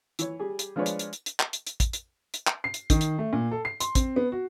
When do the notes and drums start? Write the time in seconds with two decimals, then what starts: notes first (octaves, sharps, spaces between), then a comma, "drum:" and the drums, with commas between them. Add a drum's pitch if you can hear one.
0.19 E3 C#5, drum: hi-hat
0.39 G3 G4 G#4
0.59 drum: hi-hat
0.76 F3 G#3 D4 B4 C#5 D5
0.86 drum: hi-hat
0.99 drum: hi-hat
1.13 drum: hi-hat
1.26 drum: hi-hat
1.40 drum: clap
1.53 drum: hi-hat
1.67 drum: hi-hat
1.80 drum: kick, hi-hat
1.93 drum: hi-hat
2.34 drum: hi-hat
2.47 drum: clap
2.64 C7
2.74 drum: hi-hat
2.90 D#3, drum: kick, hi-hat
3.01 drum: hi-hat
3.19 A3
3.33 A#2
3.51 A4
3.65 C7
3.80 C6, drum: hi-hat
3.95 C4, drum: kick, hi-hat
4.16 B3
4.32 F#4